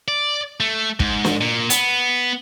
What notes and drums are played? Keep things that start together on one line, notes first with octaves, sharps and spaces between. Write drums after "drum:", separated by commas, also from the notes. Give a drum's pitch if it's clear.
D5
A3
G#2, drum: kick
drum: snare
A#2
B3, drum: hi-hat